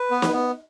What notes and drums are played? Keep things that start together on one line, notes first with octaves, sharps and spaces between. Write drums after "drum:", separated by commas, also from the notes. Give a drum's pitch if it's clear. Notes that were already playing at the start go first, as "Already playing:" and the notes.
Already playing: B4
B3
drum: snare
B3